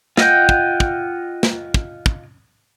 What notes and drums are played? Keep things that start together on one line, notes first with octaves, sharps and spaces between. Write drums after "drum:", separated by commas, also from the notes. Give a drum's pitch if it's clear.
F4 D#5 F#5 G5, drum: snare
drum: kick
drum: kick
drum: snare
drum: kick
drum: kick